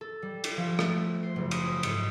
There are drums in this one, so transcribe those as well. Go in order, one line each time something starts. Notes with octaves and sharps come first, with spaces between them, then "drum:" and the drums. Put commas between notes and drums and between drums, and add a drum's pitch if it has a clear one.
A4
G3
drum: cymbal
F3
A3, drum: rim click
C5
F#1
D#6, drum: cymbal
G#2, drum: cymbal